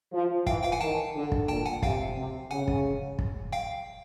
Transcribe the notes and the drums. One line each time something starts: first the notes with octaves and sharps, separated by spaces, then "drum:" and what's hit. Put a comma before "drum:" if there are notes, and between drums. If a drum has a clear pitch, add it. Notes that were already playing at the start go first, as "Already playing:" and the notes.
F3
E3 F5 G5, drum: kick
F5 G5
F#5 G#5
D#3 G5 A5
D3
drum: kick
A#2 G5 A5
F#5 G#5
C3 F5 G5, drum: kick
C3
C#3 F#5 G#5
drum: kick
drum: kick
F5 G5